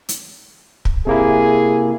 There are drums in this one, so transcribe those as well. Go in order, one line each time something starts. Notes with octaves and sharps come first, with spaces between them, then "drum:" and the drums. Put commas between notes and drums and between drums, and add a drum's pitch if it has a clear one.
drum: hi-hat
drum: kick
C3 A#3 E4 G#4